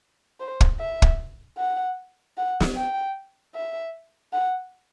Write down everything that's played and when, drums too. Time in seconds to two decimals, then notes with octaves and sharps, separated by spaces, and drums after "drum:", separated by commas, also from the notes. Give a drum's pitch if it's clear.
0.40 C5
0.61 drum: kick
0.80 E5
1.02 drum: kick
1.58 F#5
2.37 F#5
2.60 drum: snare
2.76 G5
3.55 E5
4.33 F#5